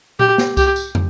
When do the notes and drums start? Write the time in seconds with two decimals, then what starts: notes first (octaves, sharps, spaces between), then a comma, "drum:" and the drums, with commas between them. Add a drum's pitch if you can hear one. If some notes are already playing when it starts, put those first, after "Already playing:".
0.19 G4, drum: tom A#2
0.38 drum: snare
0.57 G4, drum: kick C2, tambourine
0.76 drum: tambourine
0.95 drum: tom